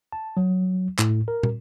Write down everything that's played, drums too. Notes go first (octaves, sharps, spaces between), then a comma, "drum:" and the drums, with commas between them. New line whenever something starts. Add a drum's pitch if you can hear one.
A5
F#3
A2, drum: clap
A#4
drum: tom